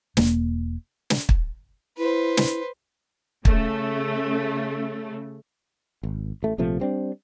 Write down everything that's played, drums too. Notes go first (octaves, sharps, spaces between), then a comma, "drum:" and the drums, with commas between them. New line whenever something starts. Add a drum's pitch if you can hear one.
E1 A#3, drum: snare
drum: snare
drum: kick
E4 B4 C5
drum: snare
C#3 A3, drum: kick
G#1
A1 A3
A#1 C3 F3 A3
G3 C4 D4